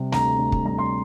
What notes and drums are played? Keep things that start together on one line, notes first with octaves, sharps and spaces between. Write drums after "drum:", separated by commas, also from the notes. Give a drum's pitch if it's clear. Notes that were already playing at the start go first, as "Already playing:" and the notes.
Already playing: C3 G3
D2 A#5, drum: snare
D2
drum: kick
G3 A#5
C6